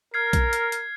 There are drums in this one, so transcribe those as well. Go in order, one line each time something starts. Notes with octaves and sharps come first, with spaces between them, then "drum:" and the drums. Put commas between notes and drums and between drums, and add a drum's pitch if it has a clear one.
A#4 F6 G#6 C7
drum: kick A#1, hi-hat
drum: hi-hat
drum: hi-hat